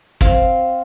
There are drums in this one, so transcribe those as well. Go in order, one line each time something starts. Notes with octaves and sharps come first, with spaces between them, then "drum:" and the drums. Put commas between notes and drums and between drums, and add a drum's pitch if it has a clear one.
C4 F5, drum: kick